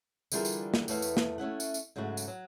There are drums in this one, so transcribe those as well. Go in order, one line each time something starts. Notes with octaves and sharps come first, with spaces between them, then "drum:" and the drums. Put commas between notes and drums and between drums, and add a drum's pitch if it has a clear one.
D3 E3 G3 F4 G#4 A#4, drum: tambourine
drum: tambourine
drum: snare
E2 A3 B4 C#5 F5, drum: tambourine
drum: tambourine
drum: snare
A3 C#4 E4 F#5
drum: tambourine
drum: tambourine
G#2 C#3 F#3 A3 F#4
drum: tambourine
F#3